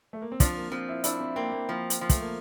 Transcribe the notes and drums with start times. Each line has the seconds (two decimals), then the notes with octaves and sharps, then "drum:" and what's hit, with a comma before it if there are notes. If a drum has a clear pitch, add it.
0.13 A3
0.22 A#3
0.32 C4
0.40 F3 D4, drum: kick, hi-hat
0.57 A#3
0.72 F3 C4
0.89 E4
1.04 D4 E4, drum: hi-hat
1.21 C4
1.36 A#3 C4
1.52 A#3
1.69 F3 A#3
1.90 drum: hi-hat
2.01 F3
2.09 A3, drum: kick, hi-hat
2.21 A#3